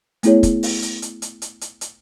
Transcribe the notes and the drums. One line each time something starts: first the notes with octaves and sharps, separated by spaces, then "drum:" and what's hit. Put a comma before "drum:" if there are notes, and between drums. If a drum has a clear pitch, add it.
A3 B3 E4 G#4 C#5, drum: hi-hat
drum: kick, hi-hat
drum: open hi-hat
drum: hi-hat
drum: hi-hat
drum: hi-hat
drum: hi-hat
drum: hi-hat
drum: hi-hat